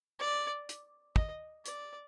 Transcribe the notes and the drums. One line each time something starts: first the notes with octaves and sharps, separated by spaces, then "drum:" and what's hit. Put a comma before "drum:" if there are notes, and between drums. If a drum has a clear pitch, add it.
D5
drum: hi-hat
D#5, drum: kick
D5, drum: hi-hat